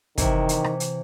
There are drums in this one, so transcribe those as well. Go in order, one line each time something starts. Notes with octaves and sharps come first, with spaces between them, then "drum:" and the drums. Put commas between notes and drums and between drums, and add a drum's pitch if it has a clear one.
C3 D#3 E3, drum: kick, hi-hat
drum: hi-hat
drum: rim click
drum: hi-hat